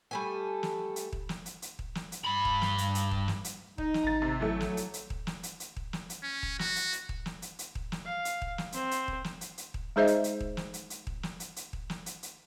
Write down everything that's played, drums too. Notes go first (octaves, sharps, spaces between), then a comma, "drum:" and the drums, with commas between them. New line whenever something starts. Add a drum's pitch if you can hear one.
G3 A3 G#5
drum: snare
drum: hi-hat
drum: kick D#1
drum: snare
drum: hi-hat
drum: hi-hat
drum: kick D#1
drum: snare
drum: hi-hat
G2 B5
drum: kick D#1
drum: snare
drum: hi-hat
drum: hi-hat
drum: kick D#1
drum: snare
drum: hi-hat
D#4, drum: kick D#1
drum: snare
G#1 A#5 A6
C3
E3 F#3 A3
drum: snare
drum: hi-hat
drum: hi-hat
drum: kick D#1
drum: snare
drum: hi-hat
drum: hi-hat
drum: kick D#1
drum: snare
drum: hi-hat
C#4
drum: kick D#1
F#4, drum: snare
drum: hi-hat
drum: hi-hat
drum: kick D#1
drum: snare
drum: hi-hat
drum: hi-hat
drum: kick D#1
drum: snare
F5
drum: hi-hat
drum: kick D#1
drum: snare
C4 C5, drum: hi-hat
drum: hi-hat
drum: kick D#1
drum: snare
drum: hi-hat
drum: hi-hat
drum: kick D#1
G#3 D#4 G#4 C5 D#5 E5
drum: hi-hat
drum: hi-hat
drum: kick D#1
drum: snare
drum: hi-hat
drum: hi-hat
drum: kick D#1
drum: snare
drum: hi-hat
drum: hi-hat
drum: kick D#1
drum: snare
drum: hi-hat
drum: hi-hat